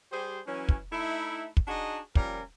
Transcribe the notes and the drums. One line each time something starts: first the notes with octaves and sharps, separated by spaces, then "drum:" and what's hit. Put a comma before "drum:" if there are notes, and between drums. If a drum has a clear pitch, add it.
G3 G4 G#4 C5
E3 F#3 C#4
drum: kick
A3 D#4 E4
drum: kick
D4 D#4 F#4 G#4 D#5
A#2 F3 G3 C#4 A#4, drum: kick